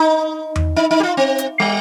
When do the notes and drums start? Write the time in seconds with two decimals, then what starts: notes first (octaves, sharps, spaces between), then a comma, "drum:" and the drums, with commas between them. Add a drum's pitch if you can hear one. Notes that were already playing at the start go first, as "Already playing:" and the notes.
Already playing: D#4
0.56 drum: tom E2
0.76 D#4
0.91 D#4
1.00 G4
1.03 F4
1.17 C4
1.38 drum: hi-hat
1.60 G3